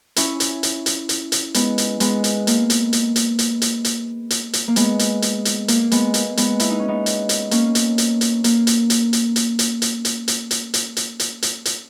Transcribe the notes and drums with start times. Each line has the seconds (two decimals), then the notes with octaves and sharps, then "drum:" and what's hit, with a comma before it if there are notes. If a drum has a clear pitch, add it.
0.16 C#4 E4, drum: hi-hat
0.40 drum: hi-hat
0.63 drum: hi-hat
0.86 drum: hi-hat
1.09 drum: hi-hat
1.32 drum: hi-hat
1.54 G#3 B3, drum: hi-hat
1.78 drum: hi-hat
2.00 G#3 B3, drum: hi-hat
2.24 drum: hi-hat
2.47 A#3, drum: hi-hat
2.70 drum: hi-hat
2.93 drum: hi-hat
3.16 drum: hi-hat
3.39 drum: hi-hat
3.62 drum: hi-hat
3.85 drum: hi-hat
4.30 drum: hi-hat
4.53 drum: hi-hat
4.68 A#3
4.76 G#3 B3, drum: hi-hat
4.99 drum: hi-hat
5.22 drum: hi-hat
5.45 drum: hi-hat
5.68 A#3, drum: hi-hat
5.92 G#3 B3, drum: hi-hat
6.14 A#3, drum: hi-hat
6.37 G#3 B3, drum: hi-hat
6.60 E4, drum: hi-hat
6.70 D#4
6.79 C#4
6.88 B3 D#4
7.06 drum: hi-hat
7.29 drum: hi-hat
7.51 A#3 C#4, drum: hi-hat
7.75 drum: hi-hat
7.98 drum: hi-hat
8.21 drum: hi-hat
8.44 A#3, drum: hi-hat
8.67 drum: hi-hat
8.90 drum: hi-hat
9.13 drum: hi-hat
9.36 drum: hi-hat
9.59 drum: hi-hat
9.82 drum: hi-hat
10.05 drum: hi-hat
10.28 drum: hi-hat
10.51 drum: hi-hat
10.74 drum: hi-hat
10.97 drum: hi-hat
11.20 drum: hi-hat
11.42 drum: hi-hat
11.65 drum: hi-hat